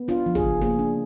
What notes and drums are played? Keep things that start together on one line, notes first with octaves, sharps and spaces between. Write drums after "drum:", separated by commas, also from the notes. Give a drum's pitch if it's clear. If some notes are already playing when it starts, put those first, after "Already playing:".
Already playing: B3
D4 F4
F3
G#4, drum: kick
C#3
A#3 G#4
D4